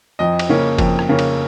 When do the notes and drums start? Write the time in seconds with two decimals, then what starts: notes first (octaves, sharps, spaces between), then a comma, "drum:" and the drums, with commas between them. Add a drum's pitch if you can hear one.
0.19 F2 D#5
0.39 drum: cymbal
0.49 C#3 A#3 C#4
0.78 F2, drum: kick F#1, cymbal
0.99 drum: rim click
1.09 C#3 A#3 C#4
1.19 drum: cymbal